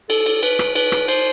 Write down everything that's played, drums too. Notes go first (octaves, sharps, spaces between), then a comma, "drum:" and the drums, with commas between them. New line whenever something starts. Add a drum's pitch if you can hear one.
A4, drum: cymbal
drum: cymbal
B4, drum: cymbal
drum: rim click
B4, drum: cymbal
drum: rim click
C5, drum: cymbal